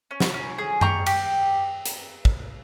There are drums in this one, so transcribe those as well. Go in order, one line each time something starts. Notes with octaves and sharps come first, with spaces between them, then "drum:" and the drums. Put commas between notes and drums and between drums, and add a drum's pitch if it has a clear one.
C#4
drum: snare
C#4
G#4
G4 A#5 C#6, drum: tom F#2
G4, drum: cymbal
drum: hi-hat
drum: kick